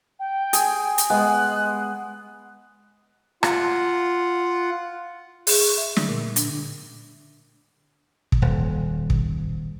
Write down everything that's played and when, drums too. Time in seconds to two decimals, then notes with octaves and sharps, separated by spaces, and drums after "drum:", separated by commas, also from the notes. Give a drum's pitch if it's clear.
0.19 G5
0.53 G#4, drum: hi-hat
0.98 drum: hi-hat
1.10 G#3 B3 F#6
3.43 F4 F#5, drum: rim click
5.47 G#4, drum: open hi-hat
5.61 C#6
5.78 E5
5.96 D3, drum: snare
6.09 A#2
6.36 D4, drum: hi-hat
8.32 drum: kick
8.42 D#1
9.10 drum: kick